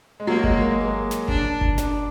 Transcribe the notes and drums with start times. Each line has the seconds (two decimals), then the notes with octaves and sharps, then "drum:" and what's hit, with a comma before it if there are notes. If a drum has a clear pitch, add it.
0.20 G#3
0.27 F#3 A#3
0.44 G#3, drum: kick G1
0.61 A#3
0.71 G#3
0.81 A#3
1.11 drum: snare
1.28 D4, drum: kick G1
1.61 drum: kick G1
1.78 D4, drum: snare